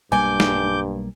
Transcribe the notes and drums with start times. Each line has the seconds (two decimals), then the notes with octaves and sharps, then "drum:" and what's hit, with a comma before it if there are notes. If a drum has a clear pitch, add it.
0.12 B1 G2 G3 A#3 G#5 D6 G6
0.40 drum: snare